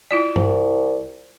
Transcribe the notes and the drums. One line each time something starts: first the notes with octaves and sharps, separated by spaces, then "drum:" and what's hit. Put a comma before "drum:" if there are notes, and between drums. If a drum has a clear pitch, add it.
E4 F4 D5
C2, drum: tom G2